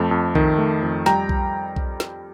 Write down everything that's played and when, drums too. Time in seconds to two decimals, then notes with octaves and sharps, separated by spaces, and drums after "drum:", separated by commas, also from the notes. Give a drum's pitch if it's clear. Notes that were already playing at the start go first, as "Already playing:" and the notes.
Already playing: F2 A3 A5
0.11 F2
0.35 D#3, drum: kick B1
0.58 A3
0.82 F2
1.06 G3 G5 A#5, drum: snare
1.29 drum: kick B1
1.76 drum: kick B1
2.00 drum: snare